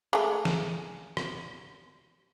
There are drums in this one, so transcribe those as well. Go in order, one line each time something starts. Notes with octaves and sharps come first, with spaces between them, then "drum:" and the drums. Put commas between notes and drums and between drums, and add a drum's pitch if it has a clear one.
G#3 A3
drum: snare
drum: rim click